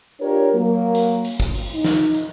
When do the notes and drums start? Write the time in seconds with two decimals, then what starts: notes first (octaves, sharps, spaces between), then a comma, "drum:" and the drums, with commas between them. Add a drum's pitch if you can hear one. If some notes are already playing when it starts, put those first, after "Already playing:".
0.20 D4 F4 G4 A#4 C#5
0.54 F#3 A#3
0.95 drum: hi-hat
1.25 drum: hi-hat
1.40 drum: kick
1.55 drum: open hi-hat
1.74 D#4
1.84 drum: snare
2.14 drum: hi-hat